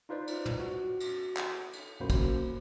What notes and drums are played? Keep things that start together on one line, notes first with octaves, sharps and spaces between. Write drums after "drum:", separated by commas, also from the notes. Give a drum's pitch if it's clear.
D#4 F4 B4 C5 D5
drum: cymbal
drum: tom
F#4
drum: cymbal
drum: clap
drum: cymbal
B1 F#2 A#3 F#4 C5 B5
drum: kick, cymbal